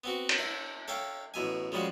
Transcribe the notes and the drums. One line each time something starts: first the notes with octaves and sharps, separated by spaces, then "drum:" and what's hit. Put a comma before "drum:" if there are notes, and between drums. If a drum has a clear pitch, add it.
B3 C4 F#4
drum: cymbal
E4
A4 C#5 E5 F5 G5
A1 B2 E5 G#5
C#3 F3 G3 G#3 F#4